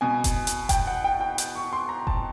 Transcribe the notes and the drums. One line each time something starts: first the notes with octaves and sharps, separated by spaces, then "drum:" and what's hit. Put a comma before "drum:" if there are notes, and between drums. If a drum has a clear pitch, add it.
B2 G#5
drum: kick F1, hi-hat
drum: hi-hat
G5, drum: kick F1, hi-hat
F#5
G5
G5
drum: hi-hat
C#6
C6
A#5
A5, drum: kick F1